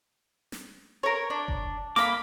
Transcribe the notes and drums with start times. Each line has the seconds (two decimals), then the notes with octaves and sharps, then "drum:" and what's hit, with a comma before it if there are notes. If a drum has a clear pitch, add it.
0.52 drum: snare
1.03 A#4 C#5
1.30 D4
1.48 drum: kick F#1
1.96 A#3 B5 D6, drum: snare